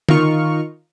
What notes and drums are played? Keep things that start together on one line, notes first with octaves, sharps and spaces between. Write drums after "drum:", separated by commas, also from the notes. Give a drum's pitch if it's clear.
D#3 D#4 F4 A#4 C#6 F6, drum: tom